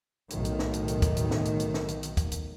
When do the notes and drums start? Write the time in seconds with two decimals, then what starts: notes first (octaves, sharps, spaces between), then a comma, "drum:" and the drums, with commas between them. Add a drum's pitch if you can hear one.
0.30 B1 A2 D#3, drum: hi-hat
0.45 drum: hi-hat
0.59 drum: snare
0.74 drum: hi-hat
0.88 drum: hi-hat
1.02 drum: kick, hi-hat
1.17 drum: hi-hat
1.31 drum: snare
1.45 drum: hi-hat
1.60 drum: hi-hat
1.74 drum: snare
1.88 drum: hi-hat
2.03 drum: hi-hat
2.17 drum: kick, hi-hat
2.32 drum: hi-hat